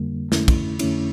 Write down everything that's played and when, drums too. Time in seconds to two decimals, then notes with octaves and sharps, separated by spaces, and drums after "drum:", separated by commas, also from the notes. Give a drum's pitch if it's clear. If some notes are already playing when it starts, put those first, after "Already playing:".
Already playing: F2 D3 G3 A#3
0.32 F2 D3 A3 C#4 E4, drum: snare
0.48 drum: kick, cymbal
0.79 F2 D3 A3 C#4 E4, drum: cymbal